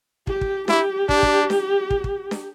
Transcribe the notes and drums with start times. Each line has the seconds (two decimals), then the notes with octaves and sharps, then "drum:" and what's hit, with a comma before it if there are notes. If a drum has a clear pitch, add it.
0.27 G4, drum: kick
0.41 drum: kick
0.68 E4 G4, drum: snare D4
1.09 D4, drum: kick
1.23 drum: kick
1.50 drum: snare D4
1.90 drum: kick
2.04 drum: kick
2.31 drum: snare D4